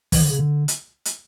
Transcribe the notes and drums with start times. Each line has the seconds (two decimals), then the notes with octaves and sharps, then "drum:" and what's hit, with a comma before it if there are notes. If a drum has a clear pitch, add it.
0.12 E3, drum: kick, open hi-hat
0.21 D3
0.30 C#3
0.39 D3
0.68 drum: hi-hat
1.05 drum: hi-hat